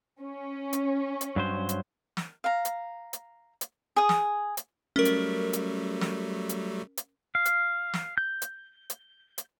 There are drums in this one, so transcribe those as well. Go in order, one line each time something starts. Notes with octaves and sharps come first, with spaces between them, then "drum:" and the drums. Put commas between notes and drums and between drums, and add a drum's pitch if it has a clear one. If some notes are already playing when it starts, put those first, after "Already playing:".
C#4
drum: hi-hat
drum: hi-hat
G2 F#3 C5
drum: hi-hat
drum: snare
F5 A#5
drum: hi-hat
drum: hi-hat
drum: hi-hat
G#4 D#6
drum: snare
drum: hi-hat
F#3 G3 A3 C#4 A#4
drum: hi-hat
drum: hi-hat
drum: snare
drum: hi-hat
drum: hi-hat
F5
drum: hi-hat
drum: snare
G6
drum: hi-hat
drum: hi-hat
drum: hi-hat